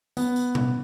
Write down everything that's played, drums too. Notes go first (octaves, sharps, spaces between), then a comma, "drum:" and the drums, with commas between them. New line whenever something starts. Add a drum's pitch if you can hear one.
B3, drum: tambourine
drum: tambourine
drum: tom B2